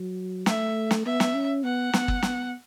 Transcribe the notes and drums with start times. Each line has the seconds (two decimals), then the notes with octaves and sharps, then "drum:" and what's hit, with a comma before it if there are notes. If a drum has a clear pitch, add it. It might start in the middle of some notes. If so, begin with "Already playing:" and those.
Already playing: F#3
0.46 A3 E5, drum: snare
0.91 drum: snare
1.06 B3 E5
1.20 drum: snare
1.35 C#4
1.64 B3 F#5
1.93 B3, drum: snare
2.08 drum: kick
2.23 B3, drum: snare